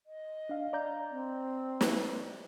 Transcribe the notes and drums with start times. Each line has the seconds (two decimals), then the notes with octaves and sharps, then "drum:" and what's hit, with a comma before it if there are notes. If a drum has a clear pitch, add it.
0.06 D#5
0.49 D4 F5
0.73 D5 A#5 G6
1.10 C4
1.81 drum: snare